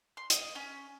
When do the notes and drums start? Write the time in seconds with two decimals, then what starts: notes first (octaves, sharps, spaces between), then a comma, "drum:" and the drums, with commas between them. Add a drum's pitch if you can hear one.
0.17 C6
0.30 D#5, drum: hi-hat
0.55 C#4